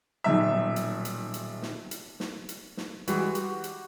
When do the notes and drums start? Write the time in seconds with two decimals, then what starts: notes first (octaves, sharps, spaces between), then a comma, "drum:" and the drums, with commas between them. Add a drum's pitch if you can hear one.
0.24 D#1 B1 E5
0.76 drum: hi-hat
1.05 drum: hi-hat
1.34 drum: hi-hat
1.62 drum: snare
1.91 drum: hi-hat
2.20 drum: snare
2.49 drum: hi-hat
2.77 drum: snare
3.08 E3 G3 G#3 F#4, drum: hi-hat
3.35 G4, drum: hi-hat
3.64 drum: hi-hat